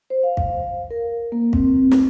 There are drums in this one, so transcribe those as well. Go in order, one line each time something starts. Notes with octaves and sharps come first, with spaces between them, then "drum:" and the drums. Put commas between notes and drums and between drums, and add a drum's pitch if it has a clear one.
C5
F5
drum: kick
A#4
A#3
C4, drum: kick
drum: snare